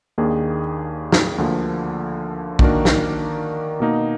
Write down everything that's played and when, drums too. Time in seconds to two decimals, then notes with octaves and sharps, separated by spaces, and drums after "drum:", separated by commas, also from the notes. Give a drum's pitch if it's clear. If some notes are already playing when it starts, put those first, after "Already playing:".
0.18 D#2 D#3 A#3 D4 G#4
1.12 drum: snare
1.38 D2 D3 F3 A#3
2.59 D#3 A#3 D4 F#4 A#4, drum: kick
2.85 drum: snare
3.80 B2 A#3 D#4